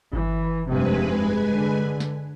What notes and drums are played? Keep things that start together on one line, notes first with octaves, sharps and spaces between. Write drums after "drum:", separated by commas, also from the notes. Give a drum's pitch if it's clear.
E3, drum: kick G1
F1 G2 C3 G#3 B4 G#5
D3
drum: snare